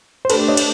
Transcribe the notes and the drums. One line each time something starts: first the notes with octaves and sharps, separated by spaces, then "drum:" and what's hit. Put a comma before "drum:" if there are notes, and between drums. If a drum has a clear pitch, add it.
C5
A3 D4 G4 A4 B4, drum: cymbal
C#5 D#5
drum: cymbal